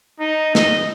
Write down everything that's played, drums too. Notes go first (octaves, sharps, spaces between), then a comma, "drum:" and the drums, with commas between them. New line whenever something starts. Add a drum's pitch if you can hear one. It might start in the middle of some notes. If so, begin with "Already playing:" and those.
D#4
D#5, drum: snare